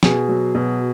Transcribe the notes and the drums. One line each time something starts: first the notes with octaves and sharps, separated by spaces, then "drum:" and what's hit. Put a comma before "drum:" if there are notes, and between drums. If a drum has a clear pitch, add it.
B2 G#4, drum: snare
F#3
B2